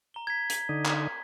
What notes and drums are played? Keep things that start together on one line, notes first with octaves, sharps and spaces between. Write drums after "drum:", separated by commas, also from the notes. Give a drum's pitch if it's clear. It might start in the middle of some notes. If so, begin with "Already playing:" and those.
A#5 G7
G#6 B6
drum: hi-hat
D3 D#4
drum: clap